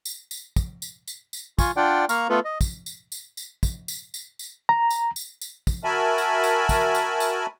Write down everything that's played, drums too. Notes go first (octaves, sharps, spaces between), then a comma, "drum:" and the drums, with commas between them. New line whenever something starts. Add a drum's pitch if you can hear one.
drum: tambourine
drum: tambourine
drum: kick, tambourine
drum: tambourine
drum: tambourine
drum: tambourine
F4 G#5 C#6, drum: kick, tambourine
D4 F4 D5 F#5 G5
A#3 F5 A#5 C#6 F6, drum: tambourine
A3 B3 F4 A4 B4
D#5
drum: kick, tambourine
drum: tambourine
drum: tambourine
drum: tambourine
drum: kick, tambourine
drum: tambourine
drum: tambourine
drum: tambourine
A#5
drum: tambourine
drum: tambourine
drum: tambourine
drum: kick, tambourine
F#4 A#4 E5 G#5 A5 B5
drum: tambourine
drum: tambourine
drum: kick, tambourine
drum: tambourine
drum: tambourine